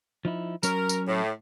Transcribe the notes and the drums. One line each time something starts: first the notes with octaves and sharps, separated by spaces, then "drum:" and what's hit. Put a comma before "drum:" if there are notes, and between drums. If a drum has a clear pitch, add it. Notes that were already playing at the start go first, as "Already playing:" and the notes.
F3 D#4 E4
F#3 C#4 A#4 C#5, drum: tambourine
drum: tambourine
A2